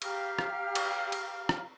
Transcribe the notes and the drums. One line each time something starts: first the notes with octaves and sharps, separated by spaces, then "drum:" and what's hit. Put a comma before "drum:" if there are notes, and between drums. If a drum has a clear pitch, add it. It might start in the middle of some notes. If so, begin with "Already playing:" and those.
G4 F5 A#5 F6, drum: cymbal
drum: rim click
drum: cymbal
drum: cymbal
drum: rim click